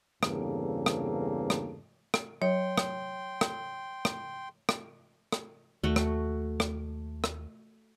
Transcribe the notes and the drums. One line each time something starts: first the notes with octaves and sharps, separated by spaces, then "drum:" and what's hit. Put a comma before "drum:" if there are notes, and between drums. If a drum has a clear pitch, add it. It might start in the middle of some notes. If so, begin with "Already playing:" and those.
E2 G2 C#3 A#3 C4 A4, drum: rim click
drum: rim click
drum: rim click
drum: rim click
F#3 C#5 G5 C6
drum: rim click
drum: rim click
drum: rim click
drum: rim click
drum: rim click
D#2 A3 F#4
drum: rim click
drum: rim click
drum: rim click